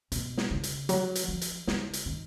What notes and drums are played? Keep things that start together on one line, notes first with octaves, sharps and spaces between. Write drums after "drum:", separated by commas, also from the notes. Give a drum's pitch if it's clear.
B2, drum: hi-hat
drum: snare
C#3
drum: hi-hat
F#3, drum: hi-hat
drum: hi-hat
F3
drum: hi-hat
C#3, drum: snare
drum: hi-hat
D#3